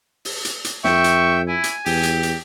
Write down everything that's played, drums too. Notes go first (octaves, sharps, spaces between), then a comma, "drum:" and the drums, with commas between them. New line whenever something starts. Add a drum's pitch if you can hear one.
drum: open hi-hat
drum: hi-hat
drum: hi-hat
F2 E5 G5 C#6, drum: snare
drum: hi-hat
E4 G#5
drum: hi-hat
E2 G4, drum: open hi-hat
drum: hi-hat
drum: hi-hat